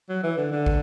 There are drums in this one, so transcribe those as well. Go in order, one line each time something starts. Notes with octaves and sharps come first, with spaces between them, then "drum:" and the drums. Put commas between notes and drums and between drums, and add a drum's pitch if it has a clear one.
F#3
E3
D3
D3
drum: kick